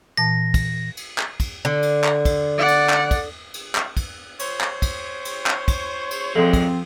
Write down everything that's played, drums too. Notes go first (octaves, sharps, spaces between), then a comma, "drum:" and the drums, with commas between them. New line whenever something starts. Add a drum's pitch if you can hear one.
A#2 E3 A5 A#6
drum: kick, cymbal
drum: cymbal
drum: clap
drum: kick, cymbal
D3
drum: cymbal
drum: clap
drum: kick, cymbal
D5 F#5
drum: cymbal
drum: clap
drum: kick, cymbal
drum: cymbal
drum: clap
drum: kick, cymbal
C5 C#5, drum: cymbal
drum: clap
drum: kick, cymbal
drum: cymbal
drum: clap
drum: kick, cymbal
drum: cymbal
F#2 A#2 F3 G#3 C4 A4
drum: kick, cymbal